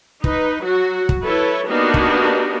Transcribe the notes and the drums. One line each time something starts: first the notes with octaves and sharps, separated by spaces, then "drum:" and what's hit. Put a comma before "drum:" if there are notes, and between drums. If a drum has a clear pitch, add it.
D#4 B4, drum: kick
F#3 F#4
drum: kick
E4 A4 B4 C#5
A#3 B3 D4 D#4 F#4 G4
drum: kick